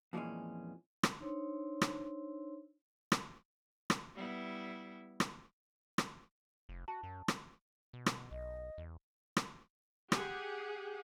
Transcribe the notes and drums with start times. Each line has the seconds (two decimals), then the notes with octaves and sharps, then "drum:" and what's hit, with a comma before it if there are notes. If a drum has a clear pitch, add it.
0.13 F2 A#2 E3 G3 G#3 C#4
1.03 drum: rim click
1.20 D4 D#4 C5 C#5 C6 E6
1.81 drum: rim click
3.12 drum: rim click
3.90 drum: rim click
4.16 G3 B3 E4
5.20 drum: rim click
5.98 drum: rim click
6.69 F1
6.88 F#4 A5
7.03 F#2
7.28 drum: rim click
7.93 B2
8.06 drum: rim click
8.31 B1 D#5
8.78 E2
9.37 drum: rim click
10.12 G4 G#4 F#5, drum: rim click